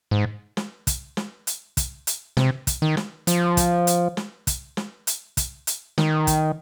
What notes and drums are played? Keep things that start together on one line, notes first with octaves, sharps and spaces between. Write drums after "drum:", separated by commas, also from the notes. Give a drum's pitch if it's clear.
G#2
drum: snare
drum: kick, hi-hat
drum: snare
drum: hi-hat
drum: kick, hi-hat
drum: hi-hat
C3, drum: snare
drum: kick, hi-hat
D#3
drum: snare
F3, drum: hi-hat
drum: kick, hi-hat
drum: hi-hat
drum: snare
drum: kick, hi-hat
drum: snare
drum: hi-hat
drum: kick, hi-hat
drum: hi-hat
D#3, drum: snare
drum: kick, hi-hat